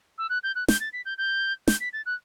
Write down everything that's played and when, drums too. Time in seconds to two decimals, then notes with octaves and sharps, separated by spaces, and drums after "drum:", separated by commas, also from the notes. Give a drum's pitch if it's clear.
0.18 E6
0.30 F#6
0.43 G6
0.55 F#6
0.68 G6, drum: snare
0.80 A6
0.93 B6
1.05 G6
1.18 G6
1.68 G6, drum: snare
1.80 B6
1.93 A6
2.06 F#6